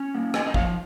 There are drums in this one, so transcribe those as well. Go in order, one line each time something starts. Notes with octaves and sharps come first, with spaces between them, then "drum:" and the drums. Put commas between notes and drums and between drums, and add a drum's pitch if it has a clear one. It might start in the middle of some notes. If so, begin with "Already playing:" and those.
Already playing: C#4
A#3
C#4 D#5 G#5, drum: rim click
D#5
F3 C#5 F5, drum: kick